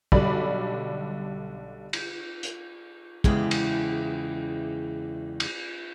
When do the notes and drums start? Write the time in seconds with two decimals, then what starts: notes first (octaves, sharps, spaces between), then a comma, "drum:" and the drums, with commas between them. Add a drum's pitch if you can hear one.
0.12 B1 D3 G3 D5 B5, drum: kick
1.93 drum: cymbal
2.43 drum: hi-hat
3.24 E2 C#3 G#3 E4 G4, drum: kick
3.51 drum: cymbal
5.40 drum: cymbal